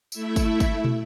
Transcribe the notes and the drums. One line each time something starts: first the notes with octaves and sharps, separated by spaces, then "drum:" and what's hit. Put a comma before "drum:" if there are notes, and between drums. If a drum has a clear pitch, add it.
A3 E4 E5, drum: tambourine
drum: kick, tambourine
drum: kick, tambourine
drum: tom